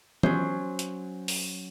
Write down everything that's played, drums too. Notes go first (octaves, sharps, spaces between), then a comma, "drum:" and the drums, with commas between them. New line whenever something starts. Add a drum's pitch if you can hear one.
F#3 C#4 C5, drum: tom
drum: hi-hat
drum: open hi-hat